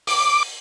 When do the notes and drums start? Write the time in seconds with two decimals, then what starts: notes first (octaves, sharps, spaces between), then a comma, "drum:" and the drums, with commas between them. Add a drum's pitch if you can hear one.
0.07 D6, drum: open hi-hat